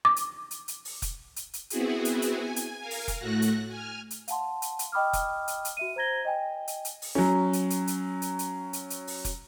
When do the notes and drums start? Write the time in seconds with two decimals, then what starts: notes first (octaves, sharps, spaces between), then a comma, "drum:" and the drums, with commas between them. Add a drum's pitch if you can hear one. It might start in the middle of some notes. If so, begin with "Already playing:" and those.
0.05 D6
0.16 drum: hi-hat
0.51 drum: hi-hat
0.68 drum: hi-hat
0.85 drum: open hi-hat
1.02 drum: kick F1, hi-hat
1.36 drum: hi-hat
1.54 drum: hi-hat
1.70 B3 C4 E4 F#4 G#4, drum: hi-hat
2.05 drum: hi-hat
2.22 drum: hi-hat
2.41 G#5
2.56 drum: hi-hat
2.78 A#4 F5 G#5
2.91 drum: open hi-hat
3.08 drum: kick F1, hi-hat
3.18 A2 A3 F#4 F#6 A#6
3.42 drum: hi-hat
3.68 G#5 F6
4.11 drum: hi-hat
4.28 F5 F#5 A5 C6, drum: hi-hat
4.62 drum: hi-hat
4.79 drum: hi-hat
4.92 D#5 G5 B5 D6 D#6 F6
5.13 drum: kick F1, hi-hat
5.48 drum: hi-hat
5.65 drum: hi-hat
5.77 F#4 E5 D#7
5.96 C5 A#5 G#6 A#6 G7
6.25 D#5 G5 G#5
6.68 drum: hi-hat
6.85 drum: hi-hat
7.02 drum: open hi-hat
7.15 F#3 C#4
7.53 drum: hi-hat
7.70 drum: hi-hat
7.87 drum: hi-hat
8.22 drum: hi-hat
8.39 drum: hi-hat
8.73 drum: hi-hat
8.90 drum: hi-hat
9.07 drum: open hi-hat
9.25 drum: kick F1, hi-hat